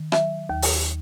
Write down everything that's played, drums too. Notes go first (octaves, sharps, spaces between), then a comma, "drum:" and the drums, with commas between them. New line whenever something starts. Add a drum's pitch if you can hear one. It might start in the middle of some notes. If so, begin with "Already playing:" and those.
Already playing: D#3
F#3 E5, drum: rim click
D#2
drum: open hi-hat